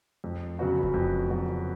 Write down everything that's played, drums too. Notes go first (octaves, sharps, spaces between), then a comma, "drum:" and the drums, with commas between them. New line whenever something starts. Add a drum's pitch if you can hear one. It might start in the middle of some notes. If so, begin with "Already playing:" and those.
F2
C#3 F#3 B3 F#4
drum: kick E1
F2
C#3 F#3 B3 F#4